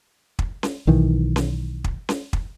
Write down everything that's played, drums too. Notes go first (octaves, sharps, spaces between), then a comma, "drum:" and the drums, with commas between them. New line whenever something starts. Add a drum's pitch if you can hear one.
drum: kick
drum: snare C#4
B1 D#3 E3
drum: snare C#4
drum: kick
drum: snare C#4
drum: kick